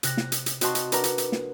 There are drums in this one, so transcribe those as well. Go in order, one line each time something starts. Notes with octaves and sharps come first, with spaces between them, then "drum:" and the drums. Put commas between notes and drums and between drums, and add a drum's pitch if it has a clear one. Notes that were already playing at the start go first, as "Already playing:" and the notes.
C3 F#6 A#6, drum: hi-hat
drum: snare
drum: hi-hat
drum: hi-hat
C4 F#4 D#5 A5 C6 C#6, drum: hi-hat
drum: hi-hat
D4 A#4 B4 F#5 A#5, drum: hi-hat
drum: hi-hat
drum: hi-hat
drum: snare